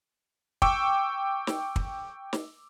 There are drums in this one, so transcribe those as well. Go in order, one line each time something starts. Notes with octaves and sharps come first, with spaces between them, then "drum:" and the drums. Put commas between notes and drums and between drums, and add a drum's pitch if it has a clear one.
G5 C#6 D6 E6, drum: kick
drum: snare
drum: kick
drum: snare